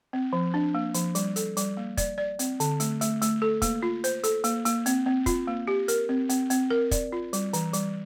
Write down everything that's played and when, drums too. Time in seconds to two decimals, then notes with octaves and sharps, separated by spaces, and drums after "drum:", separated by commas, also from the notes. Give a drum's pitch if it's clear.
0.13 C4
0.33 F3
0.54 D4
0.75 A#3
0.94 F3, drum: hi-hat
1.15 G3, drum: hi-hat
1.36 A4, drum: hi-hat
1.57 G3, drum: hi-hat
1.77 A#3
1.97 D5, drum: kick, hi-hat
2.18 D5
2.39 C4, drum: hi-hat
2.60 D3, drum: hi-hat
2.80 A3, drum: hi-hat
3.01 A3, drum: hi-hat
3.22 A3, drum: hi-hat
3.42 A4
3.62 A#3, drum: kick, hi-hat
3.83 F4
4.04 C5, drum: hi-hat
4.24 A4, drum: hi-hat
4.44 A#3, drum: hi-hat
4.65 A#3, drum: hi-hat
4.86 C4, drum: hi-hat
5.06 C4
5.26 F4, drum: kick, hi-hat
5.47 A#3
5.68 G4
5.88 A#4, drum: hi-hat
6.09 C4
6.29 C4, drum: hi-hat
6.50 C4, drum: hi-hat
6.70 A#4
6.91 D5, drum: kick, hi-hat
7.12 F4
7.33 G3, drum: hi-hat
7.53 E3, drum: hi-hat
7.73 G3, drum: hi-hat